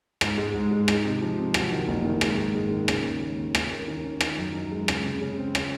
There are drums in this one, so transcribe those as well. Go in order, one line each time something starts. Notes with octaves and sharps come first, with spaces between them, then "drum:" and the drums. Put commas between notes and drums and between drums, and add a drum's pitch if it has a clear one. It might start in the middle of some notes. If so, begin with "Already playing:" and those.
G#2, drum: rim click
G#3
G#2
G#3
D#4, drum: rim click
C3
F3
C3
F#3, drum: rim click
D#3
F#1
D#3
G#3, drum: rim click
G#2
G#3
D#3
C#3, drum: rim click
D#2
G#3
D#2
C#4, drum: rim click
A#3
D#3
C#4
D#4, drum: rim click
F#2
D#4
G#3
C#3, drum: rim click
C#3
C#3
C4
C#4, drum: rim click